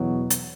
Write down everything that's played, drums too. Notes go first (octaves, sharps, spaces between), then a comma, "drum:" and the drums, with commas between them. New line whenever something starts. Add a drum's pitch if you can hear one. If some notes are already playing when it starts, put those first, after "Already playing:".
Already playing: E2 B2 F#3
drum: hi-hat